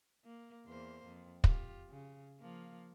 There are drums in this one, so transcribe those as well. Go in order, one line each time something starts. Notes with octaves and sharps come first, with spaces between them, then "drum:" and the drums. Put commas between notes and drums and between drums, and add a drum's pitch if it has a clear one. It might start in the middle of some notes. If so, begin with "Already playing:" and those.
A#3
E2 A#3 C5
F2
F4 G4, drum: kick
C#3
F3 A#3